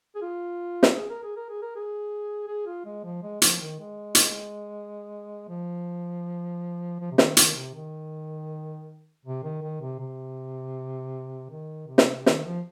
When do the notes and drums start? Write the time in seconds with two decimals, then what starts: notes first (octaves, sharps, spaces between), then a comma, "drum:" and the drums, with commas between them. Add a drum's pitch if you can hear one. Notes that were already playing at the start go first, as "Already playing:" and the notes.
0.15 G#4
0.22 F4
0.83 drum: snare
0.96 G#4
1.10 A#4
1.23 G#4
1.37 A#4
1.49 G#4
1.62 A#4
1.76 G#4
2.47 G#4
2.66 F4
2.85 G#3
3.04 F3
3.23 G#3
3.42 F3, drum: hi-hat
3.61 D#3
3.79 G#3
4.15 drum: hi-hat
5.49 F3
6.99 F3
7.12 C3
7.18 D#3, drum: snare
7.37 D#3, drum: hi-hat
7.55 C3
7.74 D#3
9.25 C3
9.43 D#3
9.62 D#3
9.81 C3
10.00 C3
11.50 D#3
11.88 C3
11.98 drum: snare
12.26 D#3, drum: snare
12.45 F3